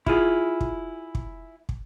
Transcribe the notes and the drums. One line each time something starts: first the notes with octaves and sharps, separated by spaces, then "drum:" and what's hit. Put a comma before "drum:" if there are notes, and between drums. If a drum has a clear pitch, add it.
E4 F4 G#4, drum: kick
drum: kick
drum: kick
drum: kick